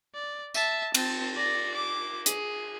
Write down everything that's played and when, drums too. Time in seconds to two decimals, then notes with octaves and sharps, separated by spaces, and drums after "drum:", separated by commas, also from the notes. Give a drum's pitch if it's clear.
0.14 D5
0.54 E5 A5, drum: tambourine
0.95 C4 A5, drum: cymbal
1.36 D5 A#6
1.75 D6
2.26 G#4, drum: hi-hat